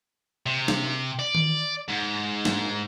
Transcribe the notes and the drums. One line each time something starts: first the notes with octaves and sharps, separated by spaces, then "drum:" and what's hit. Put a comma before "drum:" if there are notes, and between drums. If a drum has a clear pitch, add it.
C3
drum: snare
D5
drum: tom D#3
G#2
drum: snare